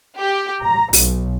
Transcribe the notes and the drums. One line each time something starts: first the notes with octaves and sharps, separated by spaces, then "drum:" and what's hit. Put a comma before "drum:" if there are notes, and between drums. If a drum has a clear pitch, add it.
G4
A#5
B1, drum: open hi-hat